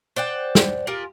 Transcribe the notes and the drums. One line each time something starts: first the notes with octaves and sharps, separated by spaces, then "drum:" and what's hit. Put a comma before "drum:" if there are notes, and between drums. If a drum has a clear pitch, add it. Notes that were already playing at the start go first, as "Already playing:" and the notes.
C5 D5 F#5 G5
drum: snare
F4 G4 G#4 A#4